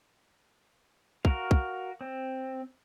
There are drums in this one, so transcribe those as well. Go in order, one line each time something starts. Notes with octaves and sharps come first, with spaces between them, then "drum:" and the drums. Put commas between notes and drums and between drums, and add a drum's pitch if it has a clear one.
F#4 A#4 F5, drum: kick
drum: kick
C4